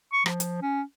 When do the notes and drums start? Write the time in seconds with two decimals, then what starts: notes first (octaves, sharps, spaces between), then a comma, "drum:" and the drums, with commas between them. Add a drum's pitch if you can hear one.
0.13 C#6
0.26 F3, drum: rim click
0.40 drum: hi-hat
0.62 C#4